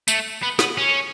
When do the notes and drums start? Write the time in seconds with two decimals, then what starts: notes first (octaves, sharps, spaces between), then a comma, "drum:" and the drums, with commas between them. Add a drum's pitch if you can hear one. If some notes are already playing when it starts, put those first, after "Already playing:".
0.08 A3, drum: tambourine
0.43 B3
0.59 B3, drum: snare
0.78 C#4